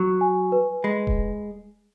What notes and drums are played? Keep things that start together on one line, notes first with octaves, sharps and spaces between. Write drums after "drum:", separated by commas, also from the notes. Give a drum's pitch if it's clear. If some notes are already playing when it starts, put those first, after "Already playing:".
Already playing: F#3 C#6
G#5
B4
G#3 B5
drum: kick D#1